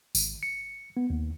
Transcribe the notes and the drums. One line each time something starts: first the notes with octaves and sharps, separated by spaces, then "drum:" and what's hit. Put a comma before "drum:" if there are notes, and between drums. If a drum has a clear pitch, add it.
G#1, drum: tambourine
C#7
B3
D#2